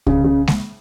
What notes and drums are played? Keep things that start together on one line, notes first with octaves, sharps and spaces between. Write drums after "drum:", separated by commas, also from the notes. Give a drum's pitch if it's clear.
C#3, drum: kick C2
C#3
drum: snare G#3